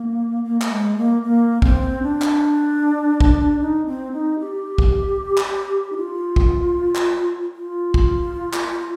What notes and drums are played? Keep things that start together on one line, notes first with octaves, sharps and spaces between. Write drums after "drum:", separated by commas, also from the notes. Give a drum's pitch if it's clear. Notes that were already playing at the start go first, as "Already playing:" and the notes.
Already playing: A#3
A#3
A#3, drum: clap
G#3
A#3
A#3
C4, drum: kick
D4
drum: clap
drum: kick
D#4
C4
D#4
G4
drum: kick
drum: clap
D#4
F4
drum: kick
drum: clap
F4
drum: kick
drum: clap